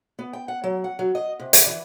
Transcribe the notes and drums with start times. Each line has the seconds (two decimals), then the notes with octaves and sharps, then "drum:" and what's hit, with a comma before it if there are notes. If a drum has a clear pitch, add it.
0.19 B3
0.33 G5
0.48 F#5
0.64 F#3
0.84 F#5
0.99 F#3
1.15 D#5
1.40 C3
1.53 D5, drum: hi-hat
1.66 E3